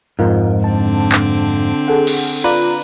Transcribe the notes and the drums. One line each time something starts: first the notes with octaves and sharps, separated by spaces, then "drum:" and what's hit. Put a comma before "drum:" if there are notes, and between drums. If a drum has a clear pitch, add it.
F2 G#2 G#3 F4 A#4
D3 C4 A5
drum: clap
G#4 A4 F#5
drum: cymbal
F4 B4 D5 A#5